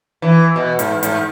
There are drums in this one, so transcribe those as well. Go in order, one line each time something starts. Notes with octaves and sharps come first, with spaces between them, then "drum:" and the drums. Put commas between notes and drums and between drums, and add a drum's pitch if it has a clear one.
E3
B2
G#2, drum: hi-hat
G#2, drum: hi-hat